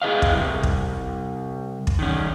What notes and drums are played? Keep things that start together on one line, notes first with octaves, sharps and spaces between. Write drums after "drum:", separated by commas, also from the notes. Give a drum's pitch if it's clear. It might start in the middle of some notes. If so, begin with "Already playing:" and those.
E4 G#4 B4 D#5 F5
drum: kick
C3 G3
drum: kick
drum: kick
D#3 C#4